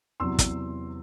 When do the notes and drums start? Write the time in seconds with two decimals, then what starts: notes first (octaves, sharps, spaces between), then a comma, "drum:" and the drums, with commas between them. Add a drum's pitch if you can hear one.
0.20 E2 C3 F#3 C6 E6
0.39 drum: kick, hi-hat